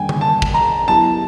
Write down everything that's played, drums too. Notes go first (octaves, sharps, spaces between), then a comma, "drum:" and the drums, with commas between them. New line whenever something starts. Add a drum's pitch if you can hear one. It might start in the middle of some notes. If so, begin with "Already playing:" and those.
Already playing: D#3 G3 A#3 D4 G5 G#5
drum: tom D3
A5
drum: kick
A#5
F#3 B3 E4 G4 A5